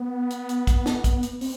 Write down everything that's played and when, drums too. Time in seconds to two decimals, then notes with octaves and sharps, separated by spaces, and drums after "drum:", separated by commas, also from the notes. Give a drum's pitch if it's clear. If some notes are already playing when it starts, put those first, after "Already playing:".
Already playing: B3
0.30 drum: hi-hat
0.49 drum: hi-hat
0.67 drum: kick, hi-hat
0.86 drum: snare
1.04 drum: kick, hi-hat
1.23 drum: hi-hat
1.41 C4, drum: open hi-hat